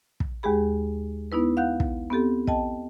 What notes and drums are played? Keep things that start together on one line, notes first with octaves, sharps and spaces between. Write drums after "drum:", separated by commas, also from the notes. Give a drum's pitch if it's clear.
drum: kick
D#2 G#3 G4 G#4 B5
B3 D#4 E4 B4
F5 F#5 F#6 G6
drum: kick
B3 C4 G4 A4
D#5 G5 A5, drum: kick